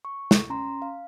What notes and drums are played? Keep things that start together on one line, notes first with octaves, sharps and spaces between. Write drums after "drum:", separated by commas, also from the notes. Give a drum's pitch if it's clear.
C#6
drum: snare
C#4 A#5 C6
F5